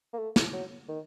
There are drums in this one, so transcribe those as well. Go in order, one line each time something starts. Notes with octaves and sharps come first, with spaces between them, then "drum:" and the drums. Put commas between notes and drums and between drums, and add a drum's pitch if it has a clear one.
A#3
A3
drum: snare
F#3
D#3